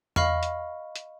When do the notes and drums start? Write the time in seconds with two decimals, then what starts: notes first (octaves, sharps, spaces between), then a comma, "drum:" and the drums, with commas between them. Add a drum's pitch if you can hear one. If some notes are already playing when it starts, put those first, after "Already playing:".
0.16 D#5 F5 B5 C#6 F6, drum: tom E2
0.43 drum: hi-hat
0.96 drum: hi-hat